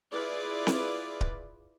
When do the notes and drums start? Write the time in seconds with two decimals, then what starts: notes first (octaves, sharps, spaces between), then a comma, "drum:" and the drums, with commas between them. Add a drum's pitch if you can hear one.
0.13 E4 F4 G#4 B4 D5
0.67 drum: snare C4
1.21 drum: kick D1